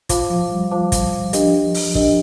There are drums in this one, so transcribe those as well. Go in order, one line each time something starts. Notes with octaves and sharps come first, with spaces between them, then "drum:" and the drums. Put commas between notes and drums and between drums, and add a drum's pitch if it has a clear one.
F4 C5 F5 A5 D6, drum: kick, hi-hat
F3
G3
F4 C5 F5 A5 D6
drum: kick, hi-hat
F3 D4 G4 A#4 D#5, drum: hi-hat
drum: open hi-hat
D4 G4 A#4 D#5, drum: kick